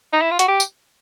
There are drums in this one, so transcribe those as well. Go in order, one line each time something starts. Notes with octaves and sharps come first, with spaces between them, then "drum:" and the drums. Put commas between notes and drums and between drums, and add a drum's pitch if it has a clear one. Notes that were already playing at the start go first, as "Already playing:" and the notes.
D#4
E4
F4
F#4, drum: hi-hat
G4
drum: tambourine